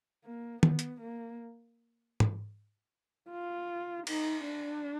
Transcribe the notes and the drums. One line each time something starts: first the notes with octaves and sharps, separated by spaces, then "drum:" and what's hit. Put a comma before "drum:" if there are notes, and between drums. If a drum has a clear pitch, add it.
A#3
B3, drum: tom D#3
drum: hi-hat
A#3
drum: tom G#2
F4
D#4, drum: cymbal
D4